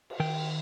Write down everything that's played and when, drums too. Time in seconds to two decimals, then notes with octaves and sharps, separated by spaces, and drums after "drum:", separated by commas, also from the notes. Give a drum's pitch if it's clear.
0.10 drum: cymbal
0.20 D#3 G5